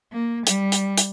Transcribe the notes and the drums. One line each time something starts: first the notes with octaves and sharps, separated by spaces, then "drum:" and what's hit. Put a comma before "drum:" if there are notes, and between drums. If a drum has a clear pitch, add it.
A#3
G3, drum: hi-hat
drum: hi-hat
drum: hi-hat